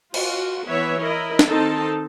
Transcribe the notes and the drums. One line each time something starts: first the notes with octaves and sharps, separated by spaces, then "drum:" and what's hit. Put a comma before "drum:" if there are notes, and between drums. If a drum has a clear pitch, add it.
F4 F#4, drum: cymbal
E3 B3 B4 C#5 E5
E4 A#4 D#5
drum: snare
D#3 C4 D#4 A4 A5